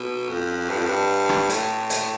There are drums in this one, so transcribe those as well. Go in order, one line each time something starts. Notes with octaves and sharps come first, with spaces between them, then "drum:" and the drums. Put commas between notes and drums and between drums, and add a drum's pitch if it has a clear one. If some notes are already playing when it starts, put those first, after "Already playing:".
Already playing: B2
F2
G2
F2
G2
drum: rim click
A2, drum: hi-hat
drum: hi-hat